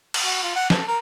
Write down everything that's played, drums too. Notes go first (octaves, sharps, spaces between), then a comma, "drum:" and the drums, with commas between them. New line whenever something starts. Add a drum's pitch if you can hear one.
drum: cymbal
F#4
F4
F#5
A4, drum: snare
A#4